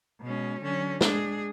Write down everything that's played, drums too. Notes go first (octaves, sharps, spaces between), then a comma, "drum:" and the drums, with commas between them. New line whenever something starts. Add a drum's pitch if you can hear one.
B2 G#3 C#4
D3 F#3 C#4
G#3 D4 G#4, drum: snare